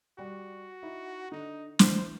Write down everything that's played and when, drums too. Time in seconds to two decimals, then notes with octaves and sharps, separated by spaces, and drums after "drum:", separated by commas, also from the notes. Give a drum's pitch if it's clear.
0.19 G3 F#4
0.83 D#4 E4
1.32 D3 D#4
1.79 E3 C5, drum: snare